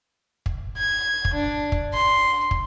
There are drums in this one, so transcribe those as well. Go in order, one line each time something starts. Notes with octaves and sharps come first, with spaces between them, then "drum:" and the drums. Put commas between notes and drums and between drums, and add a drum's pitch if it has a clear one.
drum: kick
G#6
drum: kick
D4
drum: kick
C6
drum: kick